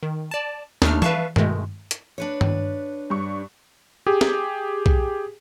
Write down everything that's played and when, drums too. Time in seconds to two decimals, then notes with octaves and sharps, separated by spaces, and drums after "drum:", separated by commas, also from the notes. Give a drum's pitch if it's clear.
0.03 D#3
0.31 D5 A5
0.82 D#2 A3 D4 D#4 F6, drum: snare
1.02 B4 E5 F5 A5 C#6, drum: tom E3
1.36 B2 D#3 G#3 A3, drum: tom G2
1.91 drum: hi-hat
2.18 D4 B4 C#5
2.41 drum: tom G2
3.10 G2 C#6
4.06 G4 G#4
4.21 drum: snare
4.86 drum: kick B1